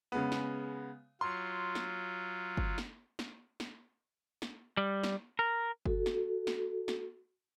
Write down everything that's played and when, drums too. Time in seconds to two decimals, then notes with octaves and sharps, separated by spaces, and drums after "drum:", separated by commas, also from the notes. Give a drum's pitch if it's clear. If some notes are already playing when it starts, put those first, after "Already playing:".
0.12 C#3 G#3 B3
0.32 drum: snare
1.21 F#3 F4 C6
1.75 drum: snare
2.57 drum: kick G1
2.78 drum: snare
3.19 drum: snare
3.60 drum: snare
4.42 drum: snare
4.77 G3
5.03 drum: snare
5.39 A#4
5.86 F#4 A4, drum: kick G1
6.06 drum: snare
6.47 drum: snare
6.88 drum: snare